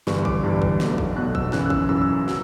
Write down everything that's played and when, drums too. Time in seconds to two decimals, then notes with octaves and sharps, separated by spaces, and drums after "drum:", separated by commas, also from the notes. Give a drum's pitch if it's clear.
0.07 G1 G2 E3 G3 C#6, drum: snare
0.25 D6, drum: kick
0.44 G1 G2 E3 G3
0.62 drum: kick
0.80 B1 B2 A3, drum: snare
0.98 drum: kick
1.16 B1 B2 A3 F#6
1.35 E6, drum: kick
1.52 F#2 C#3 E3 F#6, drum: snare
1.66 F#6
1.70 E6, drum: kick
1.89 F#2 C#3 E3 E6
2.02 E6
2.28 F#3, drum: snare